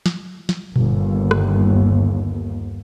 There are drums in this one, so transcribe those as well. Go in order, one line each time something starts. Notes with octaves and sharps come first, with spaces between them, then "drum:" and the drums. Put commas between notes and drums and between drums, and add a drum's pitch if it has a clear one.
drum: snare
drum: snare
G1 D#2, drum: tom A#2
drum: rim click